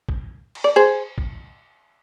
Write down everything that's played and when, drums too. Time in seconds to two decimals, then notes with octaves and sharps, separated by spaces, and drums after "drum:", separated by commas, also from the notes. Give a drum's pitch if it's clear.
0.09 drum: kick
0.55 drum: cymbal
0.64 D5
0.76 G#4 C5
1.18 drum: kick